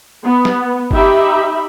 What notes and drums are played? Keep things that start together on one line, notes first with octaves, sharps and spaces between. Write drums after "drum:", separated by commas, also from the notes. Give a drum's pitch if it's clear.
B3
drum: snare
D#4 G4 E5 B5, drum: kick G1